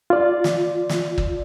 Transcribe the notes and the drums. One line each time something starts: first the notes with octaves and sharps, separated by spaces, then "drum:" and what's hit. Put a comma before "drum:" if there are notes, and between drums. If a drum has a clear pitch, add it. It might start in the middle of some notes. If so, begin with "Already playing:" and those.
F4 D5
drum: snare
drum: snare
drum: kick